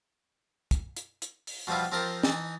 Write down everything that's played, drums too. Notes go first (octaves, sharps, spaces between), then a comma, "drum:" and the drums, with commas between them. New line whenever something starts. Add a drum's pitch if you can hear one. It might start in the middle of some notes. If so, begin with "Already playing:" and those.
drum: kick, hi-hat
drum: hi-hat
drum: hi-hat
drum: open hi-hat
B2 F3 G3 E4 F4
F3 C4 G4 A#4 A5
E3 D#4 A5, drum: snare